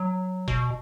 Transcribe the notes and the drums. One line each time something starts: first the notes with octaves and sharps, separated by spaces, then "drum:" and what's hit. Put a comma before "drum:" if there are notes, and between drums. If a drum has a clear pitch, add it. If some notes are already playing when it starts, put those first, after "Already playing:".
Already playing: F#3
B2, drum: kick F#1